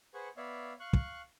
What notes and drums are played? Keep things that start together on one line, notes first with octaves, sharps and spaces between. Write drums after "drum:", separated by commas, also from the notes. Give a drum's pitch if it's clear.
G#4 B4 C5 F#5 C#6
B3 C#5 D5 E5 F5
F5 C#6 F#6
drum: kick